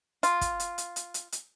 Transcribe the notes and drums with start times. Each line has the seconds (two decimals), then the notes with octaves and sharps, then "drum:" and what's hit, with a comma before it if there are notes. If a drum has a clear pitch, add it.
0.23 F4, drum: hi-hat
0.41 drum: kick, hi-hat
0.60 drum: hi-hat
0.78 drum: hi-hat
0.96 drum: hi-hat
1.14 drum: hi-hat
1.32 drum: hi-hat